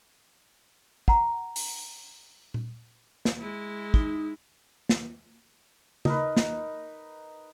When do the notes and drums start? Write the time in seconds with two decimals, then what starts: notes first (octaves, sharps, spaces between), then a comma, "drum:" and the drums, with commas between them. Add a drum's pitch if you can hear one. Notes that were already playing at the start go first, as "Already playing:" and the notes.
1.08 F#5 A#5, drum: kick
1.56 drum: open hi-hat
2.54 drum: tom A#2
3.25 drum: snare
3.38 G#3 E4
3.94 D#4, drum: kick
4.89 drum: snare
6.05 D#4 A#4 B4, drum: tom C#3
6.37 drum: snare